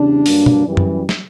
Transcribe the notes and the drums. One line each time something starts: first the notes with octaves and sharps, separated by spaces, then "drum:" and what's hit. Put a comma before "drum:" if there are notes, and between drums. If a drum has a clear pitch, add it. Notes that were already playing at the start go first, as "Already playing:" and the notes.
Already playing: E2 C#3 G3 D4
G2 F#3 A#3, drum: open hi-hat
drum: tom
F#2 E3 G3
drum: tom F#2
drum: snare